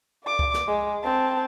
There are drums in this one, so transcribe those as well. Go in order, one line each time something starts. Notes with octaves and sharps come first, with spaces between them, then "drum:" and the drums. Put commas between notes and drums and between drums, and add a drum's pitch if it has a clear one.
D5 D6
drum: kick C#2
drum: snare
G#3
C4 A5